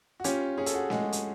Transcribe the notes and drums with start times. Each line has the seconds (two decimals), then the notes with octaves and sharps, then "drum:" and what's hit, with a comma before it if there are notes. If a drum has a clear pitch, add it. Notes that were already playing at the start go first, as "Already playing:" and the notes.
0.20 F#4
0.24 C#4 F4 G4, drum: hi-hat
0.58 C#4 G#4
0.66 A4, drum: hi-hat
0.74 F#4 G#4
0.90 G#3 F#4 G#4, drum: snare
1.13 drum: hi-hat